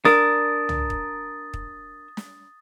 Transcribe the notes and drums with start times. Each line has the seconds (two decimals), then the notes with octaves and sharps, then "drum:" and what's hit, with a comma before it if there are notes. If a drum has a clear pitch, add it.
0.05 D4 A#4 D#6 A6, drum: snare
0.69 drum: tom
0.90 drum: kick
1.54 drum: kick
2.17 drum: snare